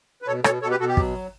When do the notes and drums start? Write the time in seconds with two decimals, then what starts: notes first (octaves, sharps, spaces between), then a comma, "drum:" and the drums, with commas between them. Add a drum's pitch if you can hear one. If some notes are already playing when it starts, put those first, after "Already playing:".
0.22 B4
0.27 B2 A4 C#5
0.44 B2 A4 C#5, drum: rim click
0.62 B2 A4 C#5
0.71 G4 B4
0.80 B2 F#4 A4
0.88 G4
0.97 F#3, drum: kick